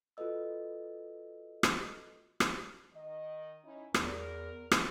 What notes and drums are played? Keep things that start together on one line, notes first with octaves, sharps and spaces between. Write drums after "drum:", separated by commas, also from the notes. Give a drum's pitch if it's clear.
F4 F#4 A4 B4 D#5 E6
drum: rim click
drum: rim click
D#3 D#5
C#4 D#4 E4
E2 A#4, drum: rim click
drum: rim click